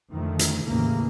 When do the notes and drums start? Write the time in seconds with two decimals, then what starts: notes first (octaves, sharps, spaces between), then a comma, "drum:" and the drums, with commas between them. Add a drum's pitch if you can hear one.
0.13 F2 D3 D#3 F3 A3
0.39 drum: hi-hat
0.65 A1 E2 A2 C#3 E3 A#3